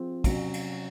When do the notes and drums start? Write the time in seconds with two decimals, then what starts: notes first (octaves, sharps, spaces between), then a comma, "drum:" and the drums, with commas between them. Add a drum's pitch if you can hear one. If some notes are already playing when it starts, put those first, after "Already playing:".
Already playing: F3 C4 F4 G#4
0.24 C3 F#3 C#4, drum: kick, cymbal
0.54 drum: cymbal